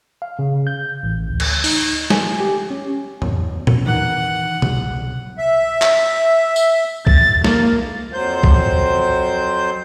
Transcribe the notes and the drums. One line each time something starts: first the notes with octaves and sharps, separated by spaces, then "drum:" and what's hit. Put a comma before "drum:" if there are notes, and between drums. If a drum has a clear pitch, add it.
F5
C#3
G6
A1
D2
drum: cymbal
D#4, drum: open hi-hat
G#5, drum: snare
G4
C#4
E2 A2 F#3, drum: tom F2
drum: tom A#2
D#3 E3 D#4 F#5
C2 F#3, drum: tom B2
E5
drum: clap
drum: tambourine
A6, drum: kick B1
A#3, drum: snare
F2 F#3 C5 G6
drum: kick B1